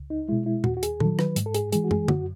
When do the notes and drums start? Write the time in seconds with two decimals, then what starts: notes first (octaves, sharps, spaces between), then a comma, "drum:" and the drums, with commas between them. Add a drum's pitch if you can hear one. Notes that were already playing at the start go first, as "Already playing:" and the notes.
Already playing: C#2
0.10 D#4
0.29 B2 G#3 E4
0.46 E4
0.64 D#2 F#4, drum: tom A#2
0.77 F#4
0.83 G#4, drum: hi-hat
1.00 D#3 F#3 A4, drum: tom A#2
1.19 B4, drum: rim click
1.36 G#2, drum: hi-hat
1.46 A4
1.54 G#4, drum: hi-hat
1.72 E3 G#3 G#4, drum: hi-hat
1.84 F#4
1.91 G#4, drum: tom
2.08 F#2 F#4, drum: tom